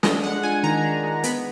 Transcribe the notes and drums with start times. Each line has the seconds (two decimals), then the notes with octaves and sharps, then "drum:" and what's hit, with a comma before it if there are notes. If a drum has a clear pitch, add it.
0.03 D4 D#5, drum: snare
0.23 G#3 F#5
0.43 F4 G#5
0.63 D#3 A#5
0.84 D4
1.04 G#3
1.23 B3 B5, drum: hi-hat